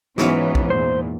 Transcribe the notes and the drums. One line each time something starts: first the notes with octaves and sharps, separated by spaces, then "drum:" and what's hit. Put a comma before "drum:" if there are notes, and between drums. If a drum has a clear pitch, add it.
G#2 E3 F#3 B3 C#4 F5, drum: snare
drum: kick
E2 A#2 C5